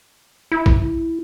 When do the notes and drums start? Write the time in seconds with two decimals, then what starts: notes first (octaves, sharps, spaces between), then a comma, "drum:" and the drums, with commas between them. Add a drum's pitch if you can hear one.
0.52 E4
0.66 drum: kick